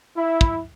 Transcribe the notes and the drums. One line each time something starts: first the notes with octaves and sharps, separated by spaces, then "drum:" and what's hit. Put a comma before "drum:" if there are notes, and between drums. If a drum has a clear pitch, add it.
E4
drum: kick